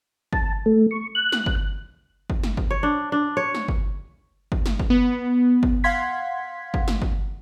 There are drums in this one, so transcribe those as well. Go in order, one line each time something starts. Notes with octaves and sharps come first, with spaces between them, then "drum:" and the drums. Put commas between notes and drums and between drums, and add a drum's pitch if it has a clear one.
A5, drum: kick
A3
C#6
F#6
drum: snare
drum: kick
drum: kick
drum: snare
drum: kick
C#5
D4
D4
C#5
drum: snare
drum: kick
drum: kick
drum: snare
drum: kick
B3
drum: kick
F5 F#5 C6 G#6 B6
drum: kick
drum: snare
drum: kick